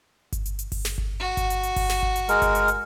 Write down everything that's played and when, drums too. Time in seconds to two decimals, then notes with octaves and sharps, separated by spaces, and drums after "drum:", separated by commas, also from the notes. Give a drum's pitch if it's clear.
0.32 drum: kick G1, hi-hat
0.46 drum: hi-hat
0.59 drum: hi-hat
0.72 drum: kick G1, open hi-hat
0.85 drum: snare
0.98 drum: kick G1
1.20 F#4
1.37 drum: kick G1, hi-hat
1.50 drum: hi-hat
1.63 drum: hi-hat
1.76 drum: kick G1, open hi-hat
1.89 drum: snare
2.03 drum: kick G1
2.16 drum: hi-hat
2.29 G#3 A#4, drum: hi-hat
2.42 drum: kick G1, hi-hat
2.55 drum: hi-hat
2.68 drum: hi-hat